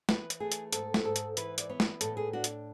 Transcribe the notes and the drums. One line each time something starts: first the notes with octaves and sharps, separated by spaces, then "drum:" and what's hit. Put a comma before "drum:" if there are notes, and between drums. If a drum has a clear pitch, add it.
E3 B4, drum: snare
drum: hi-hat
A3 G#4
drum: hi-hat
G#2 A4, drum: hi-hat
drum: snare
G#2 A4
drum: hi-hat
E3 B4, drum: hi-hat
D5, drum: hi-hat
B3 C#5
drum: snare
A2 A4, drum: hi-hat
G#4
D4 F#4
drum: hi-hat